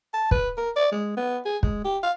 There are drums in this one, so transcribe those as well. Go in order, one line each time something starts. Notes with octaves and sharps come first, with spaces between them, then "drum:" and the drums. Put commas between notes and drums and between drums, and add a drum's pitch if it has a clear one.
A5
B4, drum: kick
A#4
D5
G#3
B3
G#4
G#3, drum: kick
G4
F5